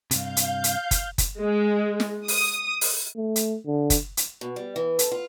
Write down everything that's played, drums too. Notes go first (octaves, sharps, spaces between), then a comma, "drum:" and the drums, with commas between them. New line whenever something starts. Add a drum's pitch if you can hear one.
G2 C3 F5 G6, drum: hi-hat
drum: hi-hat
drum: hi-hat
drum: kick F#1, hi-hat
drum: kick F#1, hi-hat
G#3
drum: snare
D#6, drum: open hi-hat
drum: open hi-hat
A3
drum: hi-hat
D3
drum: kick F#1, hi-hat
drum: hi-hat
B2
G3
E3
A4, drum: hi-hat
F4